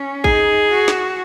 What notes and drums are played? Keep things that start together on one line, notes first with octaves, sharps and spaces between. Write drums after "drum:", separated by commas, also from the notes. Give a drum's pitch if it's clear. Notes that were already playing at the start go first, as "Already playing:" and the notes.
Already playing: C#4
D#4 G#4, drum: kick
F#4
drum: snare